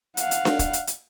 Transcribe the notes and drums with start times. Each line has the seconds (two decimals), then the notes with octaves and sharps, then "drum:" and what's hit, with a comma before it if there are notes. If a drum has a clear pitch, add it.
0.17 F5 F#5, drum: hi-hat
0.31 drum: hi-hat
0.45 drum: snare D4
0.59 drum: kick, hi-hat
0.73 drum: hi-hat
0.87 drum: hi-hat